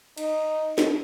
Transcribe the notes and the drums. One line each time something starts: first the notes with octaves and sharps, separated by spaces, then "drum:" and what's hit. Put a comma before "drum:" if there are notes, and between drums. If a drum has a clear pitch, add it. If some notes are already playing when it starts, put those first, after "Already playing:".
D#4, drum: cymbal
drum: snare